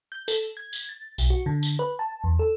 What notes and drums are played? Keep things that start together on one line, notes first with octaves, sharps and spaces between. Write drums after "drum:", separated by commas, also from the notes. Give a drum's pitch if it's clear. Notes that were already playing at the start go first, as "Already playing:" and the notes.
G6
A4, drum: tambourine
G#6
drum: tambourine
A6
B1, drum: tambourine
F#4
D3
drum: tambourine
B4
A5
E2
A4